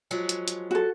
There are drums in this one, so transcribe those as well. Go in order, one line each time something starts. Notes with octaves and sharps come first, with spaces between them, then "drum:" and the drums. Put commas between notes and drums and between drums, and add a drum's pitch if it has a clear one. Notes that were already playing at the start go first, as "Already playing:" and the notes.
F3 F#3 G#3
drum: hi-hat
drum: hi-hat
F#4 A4